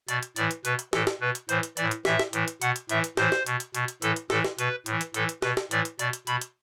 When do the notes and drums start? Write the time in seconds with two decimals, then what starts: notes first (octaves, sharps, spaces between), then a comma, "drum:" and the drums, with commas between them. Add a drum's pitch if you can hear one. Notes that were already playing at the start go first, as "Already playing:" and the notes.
0.08 B2 D5, drum: hi-hat
0.23 drum: hi-hat
0.36 A2 E3 D5, drum: hi-hat
0.51 drum: hi-hat
0.65 B2 B4, drum: hi-hat
0.79 drum: hi-hat
0.93 A2 E3 A4, drum: snare
1.07 drum: snare
1.21 B2 B4
1.35 drum: hi-hat
1.49 A2 E3 C5, drum: hi-hat
1.63 drum: hi-hat
1.77 A2 E3 D5, drum: hi-hat
1.91 drum: hi-hat
2.05 A2 E3 E5, drum: snare
2.19 drum: snare
2.33 A2 E3, drum: hi-hat
2.48 drum: hi-hat
2.62 B2 F#5, drum: hi-hat
2.76 drum: hi-hat
2.89 A2 E3 E5, drum: hi-hat
3.04 drum: hi-hat
3.17 A2 E3 C5, drum: snare
3.32 drum: snare
3.46 B2, drum: hi-hat
3.60 drum: hi-hat
3.75 B2, drum: hi-hat
3.88 drum: hi-hat
4.02 A2 E3 A4, drum: hi-hat
4.16 drum: hi-hat
4.30 A2 E3 A4, drum: snare
4.45 drum: snare
4.59 B2 B4, drum: hi-hat
4.86 A2, drum: hi-hat
4.91 E3
5.01 drum: hi-hat
5.14 A2 E3 A4, drum: hi-hat
5.29 drum: hi-hat
5.42 B2 B4, drum: snare
5.57 drum: snare
5.71 A2 E3 D5, drum: hi-hat
5.85 drum: hi-hat
5.99 B2 D5, drum: hi-hat
6.13 drum: hi-hat
6.27 B2 B5, drum: hi-hat
6.41 drum: hi-hat